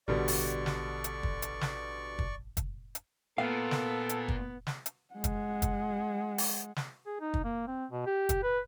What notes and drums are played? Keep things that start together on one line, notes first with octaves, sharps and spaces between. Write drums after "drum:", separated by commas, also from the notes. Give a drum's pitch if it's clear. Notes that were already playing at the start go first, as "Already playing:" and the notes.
A1 B2 D3 G3 D5 C#6
drum: open hi-hat
drum: snare
drum: hi-hat
drum: kick
drum: hi-hat
drum: snare
drum: kick
drum: kick, hi-hat
drum: hi-hat
A#2 B3 A4 F5
drum: snare
drum: hi-hat
drum: kick
drum: snare
drum: hi-hat
G#3 F#5
drum: kick, hi-hat
drum: kick, hi-hat
drum: open hi-hat
drum: snare
G#4
D#4
drum: kick
A#3
C4
B2
G4
drum: kick, hi-hat
B4